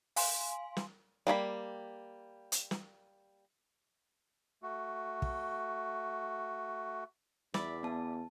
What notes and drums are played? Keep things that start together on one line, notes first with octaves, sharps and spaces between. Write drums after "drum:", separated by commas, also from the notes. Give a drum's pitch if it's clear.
F5 G#5 C6, drum: open hi-hat
drum: snare
G3 A#3 C#5 B5
drum: hi-hat
drum: snare
A3 F#4
drum: kick
E2 D5 E5 B5, drum: snare
B3 A5